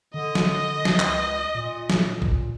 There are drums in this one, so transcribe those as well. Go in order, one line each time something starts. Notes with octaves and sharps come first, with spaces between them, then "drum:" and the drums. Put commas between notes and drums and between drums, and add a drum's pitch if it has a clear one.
D3 D#5
drum: snare
drum: snare
C#2, drum: clap
A#2
drum: snare
drum: kick A1